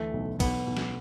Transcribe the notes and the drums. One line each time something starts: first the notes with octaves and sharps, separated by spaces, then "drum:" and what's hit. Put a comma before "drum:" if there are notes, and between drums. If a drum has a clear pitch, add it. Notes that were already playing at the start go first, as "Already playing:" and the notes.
Already playing: D2 E3 A3
B1
B1 B3, drum: kick, cymbal
B1
drum: snare